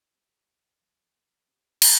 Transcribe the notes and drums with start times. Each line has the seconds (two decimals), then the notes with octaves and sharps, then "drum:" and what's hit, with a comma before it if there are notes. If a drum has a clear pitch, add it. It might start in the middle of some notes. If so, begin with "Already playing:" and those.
Already playing: E4
0.15 C3 F#3
0.48 D2
0.81 E3 F#3
1.15 B3
1.48 C3 C4
1.82 B2, drum: cymbal